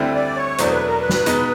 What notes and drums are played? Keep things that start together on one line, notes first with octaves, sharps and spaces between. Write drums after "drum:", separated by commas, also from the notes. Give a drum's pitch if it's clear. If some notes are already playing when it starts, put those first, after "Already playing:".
Already playing: D2 D3 G3 C4 E4
D5
C#5
E2 B2 F#3 A3 D4 C5, drum: hi-hat
B4
A#4
B4
drum: snare
B2 G#3 B3 D#4, drum: hi-hat